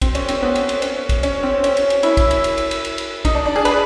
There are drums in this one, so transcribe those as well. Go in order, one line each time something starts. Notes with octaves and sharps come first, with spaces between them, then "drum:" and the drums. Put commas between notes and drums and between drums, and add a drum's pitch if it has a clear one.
C4, drum: kick, cymbal
C#4, drum: cymbal
C4, drum: cymbal
B3
drum: cymbal
drum: cymbal
C#4, drum: cymbal
drum: kick, cymbal
C#4, drum: cymbal
C4
C#4, drum: cymbal
drum: cymbal
drum: cymbal
E4, drum: cymbal
drum: kick, cymbal
drum: cymbal
drum: cymbal
drum: cymbal
drum: cymbal
drum: cymbal
drum: cymbal
D#4, drum: kick, cymbal
D4
D4
G#4
B4, drum: cymbal